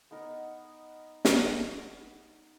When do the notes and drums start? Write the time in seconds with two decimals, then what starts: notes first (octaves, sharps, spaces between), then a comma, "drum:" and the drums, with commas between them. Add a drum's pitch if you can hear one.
0.11 B3 D#4 A#4 F#5
1.25 drum: snare